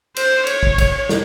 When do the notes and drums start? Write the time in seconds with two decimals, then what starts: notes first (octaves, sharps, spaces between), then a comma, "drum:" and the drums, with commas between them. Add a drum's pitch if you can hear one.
0.16 C5, drum: cymbal
0.47 C#5, drum: cymbal
0.63 drum: kick
0.78 drum: kick, cymbal
1.09 drum: snare